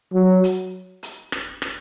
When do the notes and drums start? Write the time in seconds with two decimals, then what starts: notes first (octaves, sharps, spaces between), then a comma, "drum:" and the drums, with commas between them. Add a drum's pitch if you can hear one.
0.14 F#3
0.44 drum: hi-hat
1.03 drum: hi-hat
1.32 drum: rim click
1.62 drum: rim click